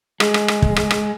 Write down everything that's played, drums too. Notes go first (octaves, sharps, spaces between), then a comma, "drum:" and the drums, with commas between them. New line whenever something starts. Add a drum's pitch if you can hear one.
G#3, drum: rim click
drum: rim click
drum: rim click
drum: kick
drum: rim click
drum: rim click